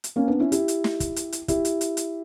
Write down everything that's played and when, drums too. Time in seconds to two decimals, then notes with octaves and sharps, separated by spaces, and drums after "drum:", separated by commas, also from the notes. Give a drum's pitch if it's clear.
0.04 drum: hi-hat
0.16 A#3 C#4
0.28 B3 D4
0.40 C#4 E4
0.52 E4 G4, drum: hi-hat
0.68 drum: hi-hat
0.84 drum: snare
1.00 drum: kick, hi-hat
1.16 drum: hi-hat
1.32 drum: hi-hat
1.48 E4 G4, drum: kick, hi-hat
1.65 drum: hi-hat
1.81 drum: hi-hat
1.97 drum: hi-hat